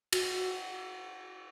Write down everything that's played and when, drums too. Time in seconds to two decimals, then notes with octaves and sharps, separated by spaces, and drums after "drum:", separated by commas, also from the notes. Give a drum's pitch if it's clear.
0.13 F#4, drum: cymbal